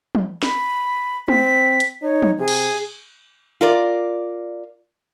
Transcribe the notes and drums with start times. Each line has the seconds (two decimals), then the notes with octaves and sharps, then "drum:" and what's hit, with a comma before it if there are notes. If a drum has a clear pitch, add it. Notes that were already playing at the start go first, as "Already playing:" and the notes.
0.15 drum: tom
0.43 B5, drum: snare
1.28 C4 B6, drum: tom
1.80 drum: hi-hat
2.02 D#4 C#5
2.22 drum: tom
2.39 C3 G#4
2.48 drum: cymbal
3.61 F4 A#4 D5